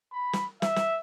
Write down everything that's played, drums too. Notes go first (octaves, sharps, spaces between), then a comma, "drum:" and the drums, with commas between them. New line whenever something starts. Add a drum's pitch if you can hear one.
B5
drum: snare
E5, drum: snare
drum: snare